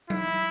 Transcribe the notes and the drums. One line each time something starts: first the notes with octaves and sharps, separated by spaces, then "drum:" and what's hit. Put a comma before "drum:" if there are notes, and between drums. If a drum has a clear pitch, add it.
E4, drum: tom F#3